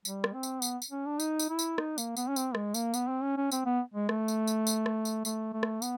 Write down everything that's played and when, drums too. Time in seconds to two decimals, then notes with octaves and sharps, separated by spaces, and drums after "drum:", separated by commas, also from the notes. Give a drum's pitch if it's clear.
0.05 G3, drum: tambourine
0.24 drum: rim click
0.33 C4
0.43 drum: tambourine
0.62 B3, drum: tambourine
0.82 drum: tambourine
0.91 C#4
1.06 D4
1.20 D#4, drum: tambourine
1.39 drum: tambourine
1.49 E4
1.59 drum: tambourine
1.78 D#4, drum: rim click
1.98 A#3, drum: tambourine
2.17 B3, drum: tambourine
2.29 C#4
2.36 C4, drum: tambourine
2.55 G#3, drum: rim click
2.74 A#3, drum: tambourine
2.94 B3, drum: tambourine
3.08 C4
3.22 C#4
3.37 C#4
3.51 C4, drum: tambourine
3.66 B3
3.94 G#3
4.09 A3, drum: rim click
4.28 drum: tambourine
4.47 drum: tambourine
4.67 drum: tambourine
4.86 drum: rim click
5.05 drum: tambourine
5.25 A3, drum: tambourine
5.53 A3
5.63 drum: rim click
5.82 B3, drum: tambourine